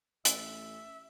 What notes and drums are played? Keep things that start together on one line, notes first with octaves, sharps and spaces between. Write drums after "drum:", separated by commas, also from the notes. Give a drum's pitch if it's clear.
A1 E5, drum: hi-hat